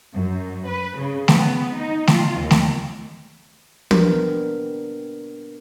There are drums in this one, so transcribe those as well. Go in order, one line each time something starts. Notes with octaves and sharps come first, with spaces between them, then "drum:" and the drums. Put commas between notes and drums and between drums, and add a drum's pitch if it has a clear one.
F#2
B4
C#3
B3, drum: snare A3
D#4
F4, drum: snare A3
D#2
drum: snare A3
B3 D4 G4 A#4 B4, drum: tom